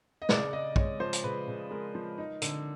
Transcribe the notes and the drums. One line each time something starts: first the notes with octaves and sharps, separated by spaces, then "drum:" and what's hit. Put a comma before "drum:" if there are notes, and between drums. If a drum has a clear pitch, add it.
D#5
C#3 D5, drum: snare
C#3 D#5
G#3 C#5, drum: kick
F3 C5
drum: hi-hat
C#3 B4
C#3
G#3 A#4
F3
D#4
D3, drum: hi-hat